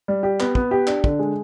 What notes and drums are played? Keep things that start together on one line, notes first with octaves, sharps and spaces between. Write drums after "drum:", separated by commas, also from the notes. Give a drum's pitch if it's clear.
G3
G4
B3, drum: clap
B3, drum: kick
G4
D4, drum: clap
D3, drum: kick
G#3